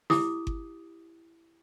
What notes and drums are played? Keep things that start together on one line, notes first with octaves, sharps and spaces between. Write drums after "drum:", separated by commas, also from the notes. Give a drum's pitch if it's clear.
E4 G4 D6 D#6, drum: snare
drum: kick G1